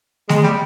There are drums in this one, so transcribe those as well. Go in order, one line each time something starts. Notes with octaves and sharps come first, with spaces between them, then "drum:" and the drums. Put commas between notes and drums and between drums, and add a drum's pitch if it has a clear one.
G#3, drum: snare A3
G3